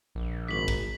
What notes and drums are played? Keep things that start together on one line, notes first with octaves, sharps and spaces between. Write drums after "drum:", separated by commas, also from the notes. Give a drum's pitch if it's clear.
A#1
G#1 B6 F#7
drum: kick